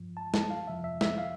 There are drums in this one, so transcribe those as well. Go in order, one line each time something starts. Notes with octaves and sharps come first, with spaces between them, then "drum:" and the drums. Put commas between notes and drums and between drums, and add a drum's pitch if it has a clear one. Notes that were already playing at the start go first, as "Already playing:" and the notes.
Already playing: G2 F3
A5
A5, drum: snare
F5
F2 C3 F3 E5
E5
E5, drum: snare
F5